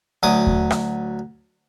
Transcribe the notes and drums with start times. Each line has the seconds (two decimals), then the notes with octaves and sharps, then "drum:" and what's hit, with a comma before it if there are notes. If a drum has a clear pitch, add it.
0.23 D2 F#3 D6 D#6
0.47 drum: kick D#2
0.70 drum: rim click